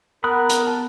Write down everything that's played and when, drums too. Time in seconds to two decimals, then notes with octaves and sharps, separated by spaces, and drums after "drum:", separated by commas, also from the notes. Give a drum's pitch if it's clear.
0.24 B3 A#4 B5 D#6 F#6
0.49 drum: hi-hat
0.67 A5